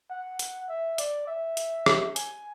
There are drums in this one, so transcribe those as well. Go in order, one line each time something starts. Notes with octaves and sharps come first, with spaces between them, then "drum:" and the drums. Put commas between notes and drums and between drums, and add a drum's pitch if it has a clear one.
F#5
drum: hi-hat
E5
D5, drum: hi-hat
E5
drum: hi-hat
drum: rim click
G#5, drum: hi-hat